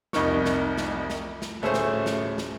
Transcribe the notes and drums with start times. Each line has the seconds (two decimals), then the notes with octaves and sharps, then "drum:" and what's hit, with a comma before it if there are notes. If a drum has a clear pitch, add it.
0.13 C2 F2 D#4 A#4 C#6, drum: snare
0.45 drum: snare
0.78 drum: snare
1.10 drum: snare
1.42 drum: snare
1.62 D1 A3 C#4 G#4 C5
1.74 drum: snare
2.06 drum: snare
2.38 drum: snare